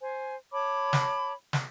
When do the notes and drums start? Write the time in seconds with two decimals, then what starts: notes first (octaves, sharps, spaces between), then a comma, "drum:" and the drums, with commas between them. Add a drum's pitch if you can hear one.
0.01 C5 G#5
0.53 C#5 A5 B5 D6
0.93 drum: snare
1.53 drum: snare